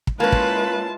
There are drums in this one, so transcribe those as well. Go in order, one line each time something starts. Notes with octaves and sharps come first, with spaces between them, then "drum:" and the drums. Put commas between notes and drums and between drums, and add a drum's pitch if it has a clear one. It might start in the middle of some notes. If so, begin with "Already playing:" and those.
drum: kick
G#3 A#3 C#4 E4 F4 B4 A5
drum: kick